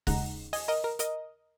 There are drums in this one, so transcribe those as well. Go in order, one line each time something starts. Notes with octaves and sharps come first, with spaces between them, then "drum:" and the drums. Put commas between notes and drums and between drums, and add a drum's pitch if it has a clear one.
D#2 C#3 G#3 D#4 F#5 A#5, drum: kick C#1, open hi-hat
D#5 G#5, drum: open hi-hat
A#4 D#5
A#4
A#4 D#5, drum: hi-hat